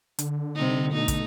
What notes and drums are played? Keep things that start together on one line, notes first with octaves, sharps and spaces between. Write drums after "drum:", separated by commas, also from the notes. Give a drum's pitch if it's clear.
D3, drum: hi-hat
C3 G3 D#4
B2 A3 D#4
drum: kick, hi-hat